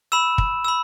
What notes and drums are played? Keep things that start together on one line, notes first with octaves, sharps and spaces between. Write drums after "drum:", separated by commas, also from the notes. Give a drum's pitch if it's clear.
B5 E6 E7
drum: kick
B5 E6